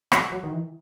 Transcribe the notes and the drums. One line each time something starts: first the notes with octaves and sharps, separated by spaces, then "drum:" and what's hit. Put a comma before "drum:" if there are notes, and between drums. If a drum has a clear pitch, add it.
F#3, drum: rim click
F#3
D#3
E3